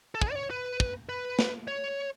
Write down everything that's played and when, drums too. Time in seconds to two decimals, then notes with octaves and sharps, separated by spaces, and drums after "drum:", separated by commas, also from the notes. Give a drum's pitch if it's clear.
0.15 A4
0.21 G#4, drum: kick
0.31 D5
0.35 C#5
0.51 B4
0.80 drum: kick
1.09 B4
1.39 drum: snare
1.68 C#5